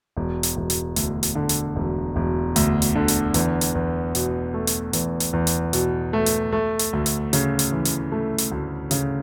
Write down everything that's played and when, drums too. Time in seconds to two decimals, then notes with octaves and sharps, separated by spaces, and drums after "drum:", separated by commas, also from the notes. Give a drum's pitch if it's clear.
0.17 E1
0.43 drum: hi-hat
0.57 E1
0.70 drum: hi-hat
0.96 D2, drum: hi-hat
1.23 drum: hi-hat
1.35 D3
1.49 drum: hi-hat
1.76 E1
2.16 E1
2.56 D2, drum: hi-hat
2.82 drum: hi-hat
2.95 D3
3.08 drum: hi-hat
3.34 E2, drum: hi-hat
3.61 drum: hi-hat
3.75 E2
4.15 B2, drum: hi-hat
4.54 A3
4.67 drum: hi-hat
4.93 E2, drum: hi-hat
5.20 drum: hi-hat
5.33 E2
5.47 drum: hi-hat
5.73 B2, drum: hi-hat
6.13 A3
6.26 drum: hi-hat
6.53 A3
6.79 drum: hi-hat
6.93 D2
7.06 drum: hi-hat
7.33 C#3, drum: hi-hat
7.59 drum: hi-hat
7.72 E3
7.85 drum: hi-hat
8.12 A3
8.38 drum: hi-hat
8.52 D2
8.91 C#3, drum: hi-hat